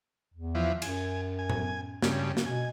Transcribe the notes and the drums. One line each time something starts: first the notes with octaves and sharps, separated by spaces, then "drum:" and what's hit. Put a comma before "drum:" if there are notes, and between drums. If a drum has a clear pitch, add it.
E2
E3 F3
F#2 G#5, drum: cymbal
G#5
drum: tom A2
G2 C#3, drum: snare
drum: snare
B2 G#5